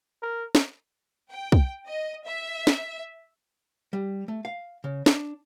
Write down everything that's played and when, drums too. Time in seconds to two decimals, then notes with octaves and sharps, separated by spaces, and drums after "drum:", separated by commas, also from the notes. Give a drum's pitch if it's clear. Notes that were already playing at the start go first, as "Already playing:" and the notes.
0.23 A#4
0.55 drum: snare
1.28 G5
1.52 drum: kick
1.85 D#5
2.24 E5
2.67 drum: snare
3.93 G3
4.28 A3
4.45 F5
4.84 C#3
5.06 D4, drum: snare